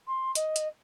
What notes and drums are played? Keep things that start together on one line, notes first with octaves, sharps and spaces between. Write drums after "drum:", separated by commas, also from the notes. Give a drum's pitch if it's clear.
C6
D#5, drum: hi-hat
drum: hi-hat